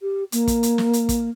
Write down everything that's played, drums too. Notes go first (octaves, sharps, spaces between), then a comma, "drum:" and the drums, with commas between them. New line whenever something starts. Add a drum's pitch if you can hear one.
G4
A#3, drum: hi-hat
drum: kick, hi-hat
drum: hi-hat
drum: snare
drum: hi-hat
drum: kick, hi-hat